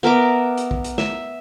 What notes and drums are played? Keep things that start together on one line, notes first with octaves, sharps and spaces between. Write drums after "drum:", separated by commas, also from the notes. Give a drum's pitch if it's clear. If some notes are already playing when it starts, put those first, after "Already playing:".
B3 A#4 E5 D6
drum: hi-hat
drum: kick
drum: hi-hat
E5, drum: snare